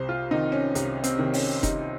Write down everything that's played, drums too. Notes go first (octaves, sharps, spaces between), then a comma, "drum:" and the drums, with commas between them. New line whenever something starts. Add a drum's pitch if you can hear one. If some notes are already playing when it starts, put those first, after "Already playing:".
Already playing: C2 C5
F4
C3 D#3 D#4
C#4
C2, drum: hi-hat
C4, drum: hi-hat
C3 D#3
C#4, drum: open hi-hat
C2 D#4, drum: kick F1, hi-hat